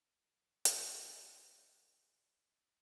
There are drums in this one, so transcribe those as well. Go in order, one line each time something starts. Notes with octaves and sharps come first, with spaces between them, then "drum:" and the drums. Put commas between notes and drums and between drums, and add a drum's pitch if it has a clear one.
F3 A#3 D4 F4 A4 C#5
C5
C#5
drum: hi-hat
D5
C#5
D5
C#5
D5
C5
C#5